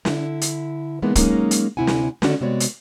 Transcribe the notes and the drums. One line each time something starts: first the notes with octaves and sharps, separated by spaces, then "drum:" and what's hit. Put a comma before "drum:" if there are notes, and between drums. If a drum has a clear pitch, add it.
D3 E4, drum: snare
drum: hi-hat
E3 G#3 A#3 B3 D4 D#4
F#3 G#3 A#3 C#4 D#4, drum: kick, hi-hat
drum: hi-hat
D2 C3 F#3 E4 F#5 G#5
drum: snare
D3 D#3 A3 C#4 D4 F#4, drum: snare
C3 G#3 B3 F#4 C#5 D5
drum: hi-hat